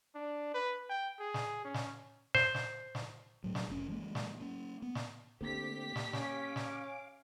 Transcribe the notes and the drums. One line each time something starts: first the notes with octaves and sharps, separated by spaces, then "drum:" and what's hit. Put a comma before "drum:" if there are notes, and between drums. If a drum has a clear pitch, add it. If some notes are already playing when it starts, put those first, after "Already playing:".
D4
B4
G5
G#4
drum: snare
C#4
drum: snare
C5, drum: snare
drum: snare
drum: snare
A2 F#3
drum: snare
F1 B2 C#4
E3 F#3 G#3 A#3
drum: snare
A#3 C#4
B3
drum: snare
D3 A3 A#3 C4 G4 B6
drum: snare
C#4 F5 D6, drum: snare
drum: snare